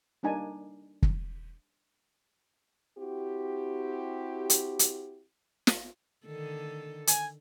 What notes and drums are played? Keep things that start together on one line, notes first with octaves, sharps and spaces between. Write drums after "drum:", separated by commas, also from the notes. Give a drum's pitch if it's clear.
G3 A#3 D4 D#4 G#5 A5
drum: kick
C4 E4 F#4 G4
drum: hi-hat
drum: hi-hat
drum: snare
D3 D#3 A4
G#5, drum: hi-hat